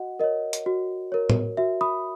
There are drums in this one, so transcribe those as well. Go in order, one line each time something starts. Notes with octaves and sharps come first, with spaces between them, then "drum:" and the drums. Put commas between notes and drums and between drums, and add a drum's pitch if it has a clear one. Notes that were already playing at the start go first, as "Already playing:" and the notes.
Already playing: F#4 D#5 F#5
A#4 C#5 D#5
drum: hi-hat
F#4
A#4 C#5
drum: tom A2
F#4 E5
B5 D#6